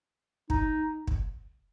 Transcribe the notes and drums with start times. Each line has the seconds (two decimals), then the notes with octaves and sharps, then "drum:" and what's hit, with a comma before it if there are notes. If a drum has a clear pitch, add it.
0.50 D#4, drum: kick
1.07 drum: kick